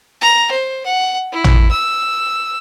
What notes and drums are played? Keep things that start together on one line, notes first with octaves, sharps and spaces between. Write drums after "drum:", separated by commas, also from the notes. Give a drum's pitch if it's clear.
A#5
C5
F#5
E4
drum: tom
E6